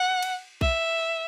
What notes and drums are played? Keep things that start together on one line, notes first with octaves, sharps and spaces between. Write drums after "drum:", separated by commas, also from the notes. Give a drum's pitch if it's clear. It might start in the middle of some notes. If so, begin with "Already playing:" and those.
Already playing: F#5
drum: cymbal
E5, drum: kick B1